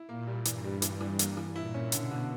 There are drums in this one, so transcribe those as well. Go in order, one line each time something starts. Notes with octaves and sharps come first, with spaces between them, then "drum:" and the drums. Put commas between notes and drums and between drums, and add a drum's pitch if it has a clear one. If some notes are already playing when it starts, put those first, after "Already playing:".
Already playing: E4
A#2 A#3
G3
G2 E3, drum: hi-hat
G3
E3, drum: hi-hat
E3
A#3, drum: hi-hat
E3
A#2 E4
C#4
B2 D3, drum: hi-hat
D3